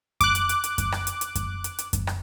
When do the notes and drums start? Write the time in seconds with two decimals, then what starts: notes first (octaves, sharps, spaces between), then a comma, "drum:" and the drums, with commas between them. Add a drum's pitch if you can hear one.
0.21 D6 F#6, drum: kick F#2, hi-hat
0.35 drum: hi-hat
0.49 drum: hi-hat
0.64 drum: hi-hat
0.78 drum: kick F#2, hi-hat
0.92 drum: rim click
1.07 drum: hi-hat
1.21 drum: hi-hat
1.35 drum: kick F#2, hi-hat
1.64 drum: hi-hat
1.79 drum: hi-hat
1.93 drum: kick F#2, hi-hat
2.07 drum: rim click